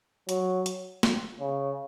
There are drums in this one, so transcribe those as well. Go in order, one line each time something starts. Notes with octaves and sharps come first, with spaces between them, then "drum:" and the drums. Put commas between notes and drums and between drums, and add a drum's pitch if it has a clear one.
F#3, drum: hi-hat
drum: hi-hat
drum: snare
C#3